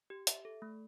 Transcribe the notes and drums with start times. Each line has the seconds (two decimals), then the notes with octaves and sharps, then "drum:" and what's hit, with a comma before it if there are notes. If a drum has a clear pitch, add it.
0.10 G4
0.27 E5, drum: hi-hat
0.45 A4
0.62 A3